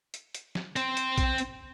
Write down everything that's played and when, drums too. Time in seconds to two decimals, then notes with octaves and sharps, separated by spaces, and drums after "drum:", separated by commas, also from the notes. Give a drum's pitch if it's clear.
0.14 drum: hi-hat
0.35 drum: hi-hat
0.55 drum: snare
0.76 C4 C5, drum: hi-hat
0.97 drum: hi-hat
1.18 drum: kick A#1, hi-hat
1.38 drum: hi-hat